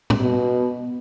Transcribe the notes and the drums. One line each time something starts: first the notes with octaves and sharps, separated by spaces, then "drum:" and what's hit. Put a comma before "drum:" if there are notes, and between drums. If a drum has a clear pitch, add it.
drum: tom
B2